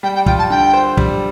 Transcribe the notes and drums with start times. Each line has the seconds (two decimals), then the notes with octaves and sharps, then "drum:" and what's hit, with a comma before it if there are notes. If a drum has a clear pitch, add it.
0.03 G3 G5
0.15 G5
0.26 F4 G5, drum: kick
0.38 A5
0.50 D3 G5
0.74 C5
0.97 G3, drum: kick